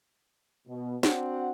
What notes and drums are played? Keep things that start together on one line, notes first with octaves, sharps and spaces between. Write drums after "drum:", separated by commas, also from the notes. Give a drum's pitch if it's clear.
B2
C4 D4 F#4 F#5, drum: snare